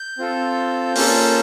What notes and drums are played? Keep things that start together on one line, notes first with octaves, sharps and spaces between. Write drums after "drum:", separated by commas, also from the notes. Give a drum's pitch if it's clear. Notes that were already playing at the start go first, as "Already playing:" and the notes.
Already playing: G6
C4 F4 A4
A#3 C#4 F4 A4, drum: open hi-hat